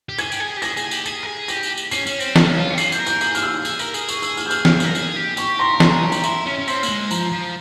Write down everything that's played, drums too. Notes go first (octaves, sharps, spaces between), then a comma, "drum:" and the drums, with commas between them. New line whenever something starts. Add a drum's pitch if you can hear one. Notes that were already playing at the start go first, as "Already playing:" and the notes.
G4
G#4 G#6, drum: tambourine
G4, drum: tambourine
G#4
G4
G#4 A#6, drum: tambourine
G#4, drum: tambourine
G4, drum: tambourine
G#4, drum: tambourine
A#4
G#4
G4 A#6, drum: tambourine
drum: tambourine
drum: tambourine
C#4 C7, drum: tambourine
C#4, drum: tambourine
C4, drum: tambourine
C#4, drum: snare
F4
G4 C#7
G#4 C7, drum: tambourine
G6, drum: tambourine
A#4
G6, drum: tambourine
G#4 G6, drum: tambourine
F6, drum: tambourine
E6
G#4, drum: tambourine
A#4, drum: tambourine
G#4, drum: tambourine
C#6, drum: tambourine
E6, drum: tambourine
F6, drum: tambourine
G6
F6, drum: tambourine
F6, drum: snare
A#4 F6, drum: tambourine
G#4, drum: tambourine
G4
G4 C#6, drum: tambourine
A#4 C6
C6
G#4 A#5, drum: snare
G4
A#5, drum: tambourine
E4 C6, drum: tambourine
C#4
C#4
C4 C6, drum: tambourine
A#3, drum: tambourine
G#3
F3 A#5, drum: tambourine
F3